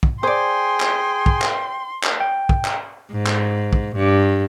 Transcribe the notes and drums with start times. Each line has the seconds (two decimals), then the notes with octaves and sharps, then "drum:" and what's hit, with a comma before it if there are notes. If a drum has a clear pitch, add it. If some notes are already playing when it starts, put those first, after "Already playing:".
0.03 drum: kick
0.23 G#4 C5 D5 G5 G#5 C6
0.80 drum: clap
1.26 drum: kick
1.41 drum: clap
2.03 drum: clap
2.20 G5
2.49 drum: kick
2.65 drum: clap
3.11 G#2
3.26 drum: clap
3.73 drum: kick
3.95 G2